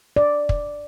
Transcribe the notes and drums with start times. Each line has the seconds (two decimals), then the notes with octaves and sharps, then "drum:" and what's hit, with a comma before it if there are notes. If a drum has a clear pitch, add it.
0.16 D5
0.49 drum: kick